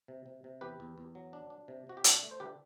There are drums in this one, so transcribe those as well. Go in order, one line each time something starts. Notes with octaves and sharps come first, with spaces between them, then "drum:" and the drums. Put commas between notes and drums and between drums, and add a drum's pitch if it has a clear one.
C3
C3
C3
E2 G4 B4
E2
E2
F#3
D4
D4
C3
C3 F#4
G4
D4 F#4 A4, drum: hi-hat
A3
C5
D3 G4 B4